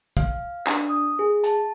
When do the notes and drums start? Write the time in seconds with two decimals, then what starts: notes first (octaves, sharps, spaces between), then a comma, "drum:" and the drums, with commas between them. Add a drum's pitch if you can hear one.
0.17 F5, drum: kick
0.67 D4, drum: clap
0.89 D#6
1.19 G#4
1.44 A5, drum: hi-hat